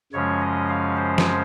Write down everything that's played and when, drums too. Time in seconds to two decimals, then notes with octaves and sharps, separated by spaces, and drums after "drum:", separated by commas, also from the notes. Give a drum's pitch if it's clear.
0.13 F#2 C#3 F3 G#3 C#4 C#5
0.41 D#5
0.69 F5
0.97 C5
1.18 drum: snare